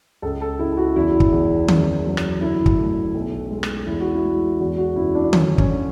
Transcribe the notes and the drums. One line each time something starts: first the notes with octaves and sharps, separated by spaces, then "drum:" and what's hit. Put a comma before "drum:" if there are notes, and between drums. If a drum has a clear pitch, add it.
C#2 A4
A4
C#2 E4
F#4
E2 E4
drum: kick
E2
F#1, drum: tom D#3
F#3
drum: rim click
D3 E4
drum: kick
A3
B1
G#3
drum: rim click
E2 E4
F#4
E4
G#3
E2 F#4
F#4
F#1 E4
D4
D3 C#4, drum: tom D#3
C#4, drum: kick
D3